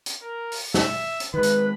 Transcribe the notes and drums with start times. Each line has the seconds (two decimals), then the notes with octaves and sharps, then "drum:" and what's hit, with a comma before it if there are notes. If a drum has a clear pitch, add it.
0.06 drum: hi-hat
0.22 A#4
0.52 drum: open hi-hat
0.74 E5, drum: snare
1.20 drum: hi-hat
1.34 D#3 G#3 B4 B5
1.43 drum: hi-hat